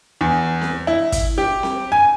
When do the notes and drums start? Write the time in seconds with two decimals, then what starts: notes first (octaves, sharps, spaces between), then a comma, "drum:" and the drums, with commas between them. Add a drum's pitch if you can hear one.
0.21 E2
0.62 drum: snare C4
0.87 E4
1.12 drum: kick, hi-hat
1.38 G4
1.63 drum: snare C4
1.92 G#5